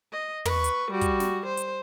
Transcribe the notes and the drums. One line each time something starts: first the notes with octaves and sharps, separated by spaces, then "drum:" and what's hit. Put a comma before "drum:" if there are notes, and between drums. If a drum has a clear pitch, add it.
D#5
B4 C#6, drum: tom
drum: hi-hat
G3 F#4
drum: kick, hi-hat
drum: snare
C5
drum: hi-hat